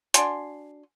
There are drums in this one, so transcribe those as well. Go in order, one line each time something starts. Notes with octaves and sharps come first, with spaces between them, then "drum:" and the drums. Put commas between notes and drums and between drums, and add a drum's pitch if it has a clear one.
D4 F#4 G#5 C6, drum: hi-hat